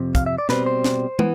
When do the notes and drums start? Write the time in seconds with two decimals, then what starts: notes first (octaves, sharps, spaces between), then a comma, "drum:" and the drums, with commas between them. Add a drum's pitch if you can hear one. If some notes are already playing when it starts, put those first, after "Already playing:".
Already playing: F2 C3
0.15 F5, drum: kick, hi-hat
0.26 E5
0.38 D5
0.49 B2 G3 C4 B4, drum: snare
0.66 C5
0.84 drum: snare
1.19 E3 B3, drum: tom